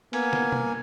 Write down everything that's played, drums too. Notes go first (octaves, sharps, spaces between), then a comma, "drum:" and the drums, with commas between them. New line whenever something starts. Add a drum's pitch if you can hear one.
A#3 B3 G#5, drum: cymbal
drum: snare
drum: tom